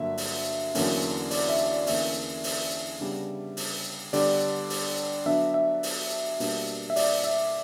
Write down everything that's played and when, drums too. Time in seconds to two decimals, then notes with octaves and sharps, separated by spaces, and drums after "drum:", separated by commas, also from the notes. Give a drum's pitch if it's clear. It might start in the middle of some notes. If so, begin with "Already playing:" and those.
Already playing: G2 D3 F#3 A#3 E5
0.18 drum: open hi-hat
0.75 E2 D3 F#3 A#3 C#4, drum: open hi-hat
1.31 D5, drum: open hi-hat
1.49 E5
1.69 D5
1.87 E2 D3 A#3 C#4 E5, drum: open hi-hat
2.44 drum: open hi-hat
3.00 C#3 G3 B3 D4
3.57 drum: open hi-hat
4.13 D3 G3 B3 D5, drum: open hi-hat
4.70 drum: open hi-hat
5.26 D3 F#3 B3 D4 E5
5.54 E5
5.83 drum: open hi-hat
6.40 B2 G3 A#3 D4, drum: open hi-hat
6.90 E5
6.96 D5, drum: open hi-hat
7.24 E5